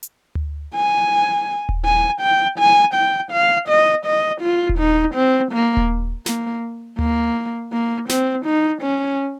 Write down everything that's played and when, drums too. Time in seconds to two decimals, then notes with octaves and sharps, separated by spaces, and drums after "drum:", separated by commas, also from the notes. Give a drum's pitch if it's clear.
0.03 drum: hi-hat
0.35 drum: tom D2
0.75 G#5
1.69 drum: kick D#1
1.85 G#5
2.22 G5
2.59 G#5
2.95 G5
3.32 F5
3.69 D#5
4.06 D#5
4.42 F4
4.69 drum: kick D#1
4.79 D#4
5.15 C4
5.52 A#3
5.77 drum: kick D#1
6.26 A#3, drum: snare
6.99 A#3, drum: tom D2
7.73 A#3
8.09 C4, drum: snare
8.46 D#4
8.83 C#4